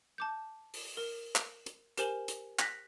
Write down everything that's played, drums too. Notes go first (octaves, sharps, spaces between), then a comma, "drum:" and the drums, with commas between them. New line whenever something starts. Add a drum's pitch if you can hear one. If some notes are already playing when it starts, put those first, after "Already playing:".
A5 D6 G6
drum: open hi-hat
A#4
drum: clap
drum: hi-hat
G4 A#4 C5 G#5 E7 F#7, drum: hi-hat
drum: hi-hat
F#6 A#6 B6, drum: clap